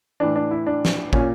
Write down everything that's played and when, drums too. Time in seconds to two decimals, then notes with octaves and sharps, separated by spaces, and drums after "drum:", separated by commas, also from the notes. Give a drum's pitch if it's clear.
0.20 A2 E3 D4
0.36 D4
0.51 E4
0.67 D4
0.85 drum: snare
1.13 A#2 C#4, drum: kick